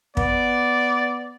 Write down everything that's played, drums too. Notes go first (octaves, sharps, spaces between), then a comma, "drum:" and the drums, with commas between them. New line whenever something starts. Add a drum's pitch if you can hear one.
B3 D5, drum: kick